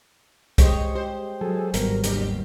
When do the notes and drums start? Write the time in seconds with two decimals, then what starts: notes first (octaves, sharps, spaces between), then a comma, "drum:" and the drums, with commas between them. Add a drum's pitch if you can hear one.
0.58 G#3 G4 C5 C#5 D#5, drum: kick C2, hi-hat
0.95 G4 C5
1.41 F#3 G#4 A4
1.74 G#1 G3 B3 A#4, drum: hi-hat
2.04 D#2 D3 G4, drum: hi-hat